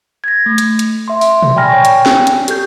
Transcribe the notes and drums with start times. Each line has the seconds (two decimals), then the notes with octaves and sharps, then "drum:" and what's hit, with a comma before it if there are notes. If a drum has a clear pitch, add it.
0.24 G#6 A#6
0.46 A3
0.58 drum: hi-hat
0.79 drum: hi-hat
1.08 E5 C6
1.21 drum: open hi-hat
1.42 drum: tom A#2
1.56 D5 G5 G#5 B5 F6 A#6
1.69 C#5 G5 G#5 C#6
1.85 drum: hi-hat
2.06 drum: snare
2.27 drum: hi-hat
2.48 G4 A4 G6, drum: hi-hat